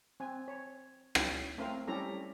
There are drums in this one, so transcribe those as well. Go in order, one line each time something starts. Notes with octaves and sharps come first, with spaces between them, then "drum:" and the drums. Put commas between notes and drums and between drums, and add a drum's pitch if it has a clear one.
C4 G#5
C#5
C#4 E4 G5, drum: rim click
A3 C4 A#4 F5
G3 C#4 E4 G4 A4 A#5